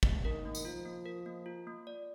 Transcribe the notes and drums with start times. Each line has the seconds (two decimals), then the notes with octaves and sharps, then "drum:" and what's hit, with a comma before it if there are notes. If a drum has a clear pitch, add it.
0.03 drum: kick
0.25 D#3 A#4
0.45 A#3
0.55 drum: tambourine
0.65 F3 F4
0.85 A#3
1.06 A#4
1.26 A#3
1.46 F4
1.67 A#3
1.87 D5